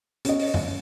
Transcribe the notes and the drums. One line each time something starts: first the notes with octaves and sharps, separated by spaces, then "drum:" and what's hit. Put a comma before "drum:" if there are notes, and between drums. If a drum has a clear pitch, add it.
C#4 D#5, drum: hi-hat
drum: open hi-hat
drum: tom F#2